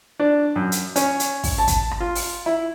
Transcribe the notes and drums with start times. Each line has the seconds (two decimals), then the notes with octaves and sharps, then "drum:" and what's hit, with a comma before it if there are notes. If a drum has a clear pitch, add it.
0.19 D4
0.56 F#2
0.72 drum: hi-hat
0.96 C#4, drum: hi-hat
1.20 drum: hi-hat
1.44 drum: kick, open hi-hat
1.58 A5
1.67 drum: kick, hi-hat
1.91 drum: rim click
2.00 F4
2.15 drum: open hi-hat
2.46 E4